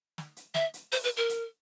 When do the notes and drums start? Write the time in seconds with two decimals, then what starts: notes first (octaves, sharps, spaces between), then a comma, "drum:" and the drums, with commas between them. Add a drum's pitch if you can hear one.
0.18 drum: snare
0.37 drum: hi-hat
0.54 E5, drum: snare
0.74 drum: hi-hat
0.92 C5, drum: open hi-hat
1.04 B4
1.17 A#4
1.29 drum: hi-hat